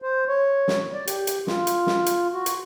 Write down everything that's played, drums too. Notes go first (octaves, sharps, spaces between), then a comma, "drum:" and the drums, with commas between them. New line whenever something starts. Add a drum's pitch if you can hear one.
C5
C#5
drum: snare
D5
G4, drum: hi-hat
drum: hi-hat
F4, drum: snare
drum: hi-hat
drum: snare
drum: hi-hat
F#4
drum: hi-hat